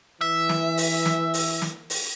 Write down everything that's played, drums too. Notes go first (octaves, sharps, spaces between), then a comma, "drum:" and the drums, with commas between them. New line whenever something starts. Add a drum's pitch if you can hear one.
E3 E5
drum: snare
drum: open hi-hat
drum: snare
drum: open hi-hat
drum: snare
drum: open hi-hat